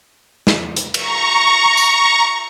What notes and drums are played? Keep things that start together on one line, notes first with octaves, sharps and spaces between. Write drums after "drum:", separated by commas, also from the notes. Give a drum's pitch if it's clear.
drum: snare
drum: hi-hat
A#5 C#6, drum: cymbal
drum: tambourine